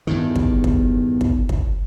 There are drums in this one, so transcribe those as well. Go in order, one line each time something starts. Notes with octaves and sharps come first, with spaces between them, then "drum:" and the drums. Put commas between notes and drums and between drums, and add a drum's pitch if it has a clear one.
E2 G2 D#3
drum: kick
drum: kick
drum: kick
drum: kick